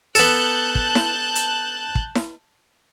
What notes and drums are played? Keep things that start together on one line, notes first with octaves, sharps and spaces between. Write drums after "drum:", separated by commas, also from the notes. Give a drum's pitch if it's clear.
B3 A4 A5 F#6 G6, drum: hi-hat
drum: kick
drum: snare E4
drum: hi-hat
drum: kick
drum: snare E4